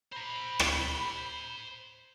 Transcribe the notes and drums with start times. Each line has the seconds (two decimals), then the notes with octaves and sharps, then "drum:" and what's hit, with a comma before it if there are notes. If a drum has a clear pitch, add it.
0.12 C5 A#5 B5
0.59 drum: rim click